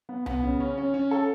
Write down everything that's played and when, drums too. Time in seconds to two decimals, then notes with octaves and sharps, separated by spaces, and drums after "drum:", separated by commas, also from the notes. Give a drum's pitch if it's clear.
0.09 B3
0.26 B3, drum: tom C2
0.43 C#3
0.60 C#4
0.78 C#4
0.94 C#4
1.11 A4